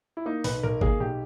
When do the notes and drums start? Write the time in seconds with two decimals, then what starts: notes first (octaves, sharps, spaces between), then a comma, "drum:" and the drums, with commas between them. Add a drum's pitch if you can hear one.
0.17 E4
0.26 A#3 D#4
0.44 B1 B4, drum: open hi-hat
0.63 B1 A#4
0.81 A#3 G#4, drum: kick G1
1.00 B1 G4